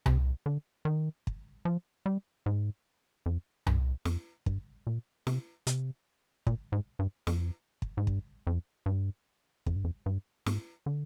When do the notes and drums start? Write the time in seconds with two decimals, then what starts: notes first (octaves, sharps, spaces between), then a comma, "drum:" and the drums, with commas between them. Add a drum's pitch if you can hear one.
0.06 C3, drum: tom C2
0.46 D3
0.85 D#3
1.27 drum: kick
1.65 F3
2.06 G3
2.46 G#2
3.26 F2
3.67 G2, drum: tom C2
4.05 F2, drum: snare
4.46 G2, drum: kick
4.87 A#2
5.27 C3, drum: snare
5.67 C3, drum: hi-hat
6.47 A#2, drum: kick
6.72 G#2
6.99 G2
7.27 F2, drum: snare
7.82 drum: kick
7.97 G#2
8.07 G2, drum: kick
8.47 F2
8.86 G2
9.66 F2, drum: kick
9.76 G2
9.84 F2
10.06 G2
10.46 G#2, drum: snare
10.86 D3